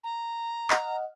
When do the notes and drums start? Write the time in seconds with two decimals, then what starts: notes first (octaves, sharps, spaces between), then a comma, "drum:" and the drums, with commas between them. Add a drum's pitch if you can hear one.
0.03 A#5
0.70 D#5 F#5 F6, drum: clap